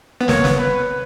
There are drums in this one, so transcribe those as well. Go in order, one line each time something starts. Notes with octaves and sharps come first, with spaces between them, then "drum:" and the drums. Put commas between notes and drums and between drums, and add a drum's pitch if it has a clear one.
B3
A#3 C#5, drum: snare
B3, drum: snare
B4